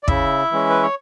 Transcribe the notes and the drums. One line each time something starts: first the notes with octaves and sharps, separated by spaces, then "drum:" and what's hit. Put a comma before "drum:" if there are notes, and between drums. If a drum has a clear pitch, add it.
D5
C#3 E4 E5, drum: kick
E3 G#3 C#4
B4
C#5